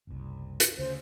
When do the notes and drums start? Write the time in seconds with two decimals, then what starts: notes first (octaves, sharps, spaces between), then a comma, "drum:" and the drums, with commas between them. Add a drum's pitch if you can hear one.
0.07 F#1 C2
0.60 drum: hi-hat
0.78 D2 C#3 C5